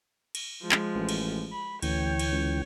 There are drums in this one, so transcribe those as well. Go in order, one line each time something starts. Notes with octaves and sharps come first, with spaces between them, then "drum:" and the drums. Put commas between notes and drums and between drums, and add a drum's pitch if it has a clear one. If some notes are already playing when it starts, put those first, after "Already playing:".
drum: cymbal
F3 G#3
drum: clap
A1
drum: cymbal
B5
A1 D2 E3 C#5 G5, drum: cymbal
drum: cymbal
C#2